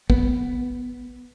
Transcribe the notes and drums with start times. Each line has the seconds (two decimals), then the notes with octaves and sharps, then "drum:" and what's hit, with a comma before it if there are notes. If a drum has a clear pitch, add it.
0.10 B3, drum: kick